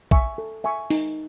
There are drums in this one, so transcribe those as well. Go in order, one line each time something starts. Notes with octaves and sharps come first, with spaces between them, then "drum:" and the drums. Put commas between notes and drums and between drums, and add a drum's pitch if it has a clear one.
E5 G#5 C#6, drum: kick B1
A4
E5 G#5 C#6
D#4, drum: open hi-hat